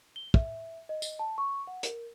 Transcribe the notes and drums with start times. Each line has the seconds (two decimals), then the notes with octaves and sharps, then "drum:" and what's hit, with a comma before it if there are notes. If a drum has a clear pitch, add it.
0.16 G7
0.34 E5, drum: kick
0.89 D#5
1.02 D#5, drum: tambourine
1.19 A5
1.38 C#6
1.67 F#5
1.83 A#4, drum: hi-hat